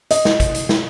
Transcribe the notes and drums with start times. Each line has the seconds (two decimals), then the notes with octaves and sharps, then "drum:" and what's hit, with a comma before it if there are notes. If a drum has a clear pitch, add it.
0.11 D#5, drum: hi-hat
0.25 drum: snare
0.40 drum: kick, hi-hat
0.55 drum: hi-hat
0.69 drum: snare